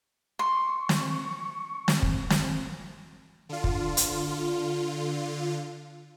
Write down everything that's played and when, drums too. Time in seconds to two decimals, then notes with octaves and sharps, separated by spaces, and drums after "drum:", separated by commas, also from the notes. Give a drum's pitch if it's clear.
0.39 C6 C#6
0.89 drum: snare
1.88 drum: snare
2.02 drum: kick
2.30 drum: snare
3.49 D3 F4
3.64 drum: kick
3.97 drum: hi-hat